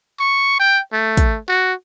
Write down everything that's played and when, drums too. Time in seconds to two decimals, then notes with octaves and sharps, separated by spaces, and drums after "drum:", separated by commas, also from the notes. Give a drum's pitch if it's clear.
0.20 C#6
0.60 G5
0.93 A3
1.17 drum: kick, hi-hat
1.48 F#4